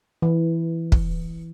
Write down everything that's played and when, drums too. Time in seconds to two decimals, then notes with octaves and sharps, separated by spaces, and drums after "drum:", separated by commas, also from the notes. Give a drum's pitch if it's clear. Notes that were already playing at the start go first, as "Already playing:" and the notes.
0.22 E3
0.92 drum: kick